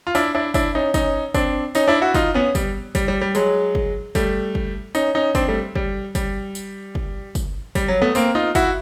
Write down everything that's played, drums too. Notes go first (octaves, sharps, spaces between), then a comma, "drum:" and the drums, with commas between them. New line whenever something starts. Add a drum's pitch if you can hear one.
F4
D4 E4, drum: tambourine
D4 E4
D4 E4, drum: kick, tambourine
C#4 D#4
C#4 D#4, drum: kick, tambourine
C4 D4, drum: kick, tambourine
C#4 D#4, drum: tambourine
D4 E4
E4 F#4
D#4 F4, drum: kick, tambourine
B3 C#4
G3, drum: kick, tambourine
G3, drum: kick, tambourine
G3
G3
F#3 G#3, drum: tambourine
drum: kick
G3 A3, drum: kick, tambourine
drum: kick
C#4 D#4, drum: tambourine
C#4 D#4
C4 D4, drum: kick, tambourine
G3 A3
G3, drum: kick
G3, drum: kick, tambourine
drum: tambourine
drum: kick
drum: kick, tambourine
G3, drum: kick, tambourine
F#3
A3 B3
A#3 C4, drum: tambourine
D#4 F4
E4 F#4, drum: kick, tambourine